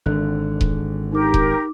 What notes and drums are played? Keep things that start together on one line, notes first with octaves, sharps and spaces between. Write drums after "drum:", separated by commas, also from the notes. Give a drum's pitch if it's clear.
G#1 D3 F#6
drum: kick D#1
D#4 G4 A#4 D6
drum: kick D#1